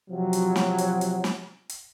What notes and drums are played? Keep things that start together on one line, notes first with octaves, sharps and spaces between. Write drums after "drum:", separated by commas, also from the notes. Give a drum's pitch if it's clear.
C3 F3 F#3
drum: hi-hat
drum: snare
drum: hi-hat
drum: hi-hat
drum: snare
drum: hi-hat